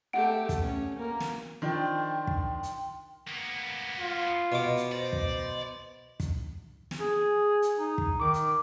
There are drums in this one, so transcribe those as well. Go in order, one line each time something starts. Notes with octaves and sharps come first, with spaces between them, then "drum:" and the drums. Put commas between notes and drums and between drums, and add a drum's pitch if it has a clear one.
A3 G4 F#5 D7
drum: kick, hi-hat
C#4
A#3
drum: snare
D#3 F3 D4 G5 C6
drum: kick
drum: hi-hat
A#3 B3
F4
B2 D#5 D6
drum: hi-hat
C5 D5
drum: kick
drum: kick, hi-hat
drum: snare
G#4
drum: hi-hat
D#4
drum: kick
D#3 D6
drum: hi-hat